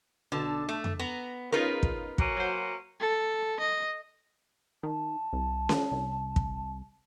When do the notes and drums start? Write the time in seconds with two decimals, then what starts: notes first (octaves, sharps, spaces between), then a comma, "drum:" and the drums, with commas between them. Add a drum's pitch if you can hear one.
0.32 B1 D3 A5
0.69 A3
0.84 drum: tom F2
0.99 B3 A#5
1.52 C#3 D#4 F4 A#4 B4
1.83 drum: kick
2.18 A#3 C#4 F#4, drum: kick
2.37 F#3 C5
3.01 A4
3.60 D#5
4.83 D#3 A5
5.33 C2
5.69 drum: snare C#4
5.92 C2
6.36 drum: kick